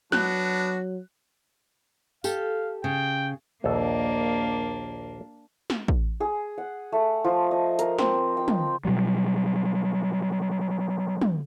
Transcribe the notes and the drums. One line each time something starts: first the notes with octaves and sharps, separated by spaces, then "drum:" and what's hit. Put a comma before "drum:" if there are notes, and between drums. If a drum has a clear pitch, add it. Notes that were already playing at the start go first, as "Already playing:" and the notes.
F#3 B3 D4 F#4 F#6, drum: snare
G4 A4 F5, drum: tambourine
C#3 G5
A#1 D#2 A#3 D4 A4
drum: snare
drum: kick
G#4
F#5
A3
F3
D#5
A#4, drum: hi-hat
C4, drum: snare
G5
drum: tom
B2 F#3 G3
drum: tom